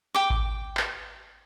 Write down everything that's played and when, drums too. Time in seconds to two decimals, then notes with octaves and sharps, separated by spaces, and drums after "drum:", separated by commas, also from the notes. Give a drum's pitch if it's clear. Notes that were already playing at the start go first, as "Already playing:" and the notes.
0.15 G5 D6
0.30 drum: kick G#1
0.77 drum: clap